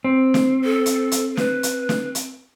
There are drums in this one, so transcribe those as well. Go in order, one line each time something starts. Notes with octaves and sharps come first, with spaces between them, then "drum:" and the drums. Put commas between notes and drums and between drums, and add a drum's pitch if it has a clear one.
C4
drum: snare
A4
drum: hi-hat
drum: hi-hat
B4, drum: snare
drum: hi-hat
drum: snare
drum: hi-hat